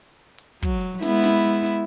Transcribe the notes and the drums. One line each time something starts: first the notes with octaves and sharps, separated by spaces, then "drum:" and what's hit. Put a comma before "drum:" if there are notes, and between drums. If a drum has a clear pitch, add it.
drum: hi-hat
F#3, drum: kick, hi-hat
drum: open hi-hat
G#3 B3 E4, drum: snare
drum: snare
drum: hi-hat
drum: hi-hat